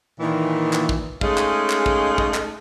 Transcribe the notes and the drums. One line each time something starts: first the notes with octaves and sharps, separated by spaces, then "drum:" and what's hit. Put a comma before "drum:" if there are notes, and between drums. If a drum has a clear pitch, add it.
A#2 D#3 E3
drum: clap
drum: kick
G#3 A3 C#4 D#4 G#4 F5, drum: kick
drum: clap
drum: clap
drum: kick
drum: kick
drum: clap